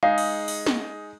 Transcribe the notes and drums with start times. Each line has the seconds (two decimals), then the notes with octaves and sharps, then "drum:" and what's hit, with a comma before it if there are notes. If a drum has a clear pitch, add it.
0.03 G#3 D#4 G#4 F5
0.18 drum: cymbal
0.48 drum: open hi-hat
0.66 drum: snare